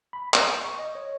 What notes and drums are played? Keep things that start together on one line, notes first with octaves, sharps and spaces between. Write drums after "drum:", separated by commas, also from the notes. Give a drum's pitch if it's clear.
B5
G6, drum: clap
C#6
D#5
C#5